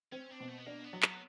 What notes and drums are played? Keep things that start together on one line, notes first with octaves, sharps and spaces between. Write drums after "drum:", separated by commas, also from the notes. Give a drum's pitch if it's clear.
C4 C#4
D4
B2
A3
B3
A#3 D4
B3
F#3
B3, drum: clap